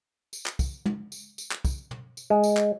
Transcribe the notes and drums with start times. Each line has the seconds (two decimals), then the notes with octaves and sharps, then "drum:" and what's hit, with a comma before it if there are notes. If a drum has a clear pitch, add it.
0.33 drum: tambourine
0.46 drum: clap
0.59 drum: kick, tambourine
0.86 drum: tom
1.12 drum: tambourine
1.38 drum: tambourine
1.51 drum: clap
1.65 drum: kick, tambourine
1.91 drum: tom
2.17 drum: tambourine
2.30 G#3
2.44 drum: tambourine
2.57 drum: clap